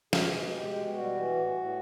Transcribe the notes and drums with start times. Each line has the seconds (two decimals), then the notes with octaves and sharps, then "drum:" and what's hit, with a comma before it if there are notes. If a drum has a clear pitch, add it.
0.13 B2 G#4, drum: snare
0.34 G#3
0.54 G#3 G4
0.74 B2
0.94 G3 F#4
1.14 E3
1.34 A2
1.54 A2